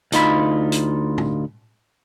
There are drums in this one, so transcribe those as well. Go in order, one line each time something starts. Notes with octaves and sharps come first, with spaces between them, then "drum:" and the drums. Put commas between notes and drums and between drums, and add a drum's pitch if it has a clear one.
D2 D#4 F4 B5, drum: hi-hat
drum: hi-hat
drum: tom